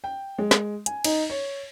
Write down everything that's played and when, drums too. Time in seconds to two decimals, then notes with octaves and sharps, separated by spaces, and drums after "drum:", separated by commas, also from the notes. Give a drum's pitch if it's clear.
0.04 G5
0.38 G#3
0.51 drum: snare
0.86 G#5, drum: hi-hat
1.04 D#4, drum: cymbal
1.30 C#5